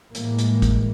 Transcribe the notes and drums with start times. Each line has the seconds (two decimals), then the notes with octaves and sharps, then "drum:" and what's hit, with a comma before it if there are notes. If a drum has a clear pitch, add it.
0.15 A2 E3 G3 G#3 A#3, drum: hi-hat
0.39 drum: hi-hat
0.62 drum: kick, hi-hat